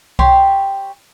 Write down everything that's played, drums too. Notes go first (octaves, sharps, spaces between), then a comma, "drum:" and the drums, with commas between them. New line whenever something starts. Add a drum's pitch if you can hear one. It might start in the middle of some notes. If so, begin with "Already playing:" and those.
G4 C#5 C6, drum: kick C2